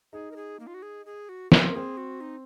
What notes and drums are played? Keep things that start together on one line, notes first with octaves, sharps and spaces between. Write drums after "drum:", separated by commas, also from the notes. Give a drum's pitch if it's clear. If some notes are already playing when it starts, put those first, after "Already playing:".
D#4 G#4
A#4
G#4
A#3
F4
F#4
G#4
G#4
F#4
C#4 A#4, drum: snare
C4
A#3
C4 G#4
F#4
D#4